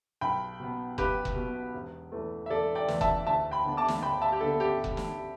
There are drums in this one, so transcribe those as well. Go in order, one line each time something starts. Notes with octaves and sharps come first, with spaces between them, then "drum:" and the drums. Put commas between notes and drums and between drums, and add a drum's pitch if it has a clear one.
B1 G5 B5
B2 B3
B1 G4 B4, drum: kick F1
drum: kick F1
B2 B3
E1
E2 E3 A3
E5
E1 A4 D5
D5 G5
E2 E3 A3, drum: snare
E5 A5, drum: kick F1
D2 E5 A5
G5 B5
D3 B3 D4
A5 D6
drum: snare
D2 G5 B5
E5 A5
G4
D3 B3 D4 A4
G4
drum: kick F1
drum: snare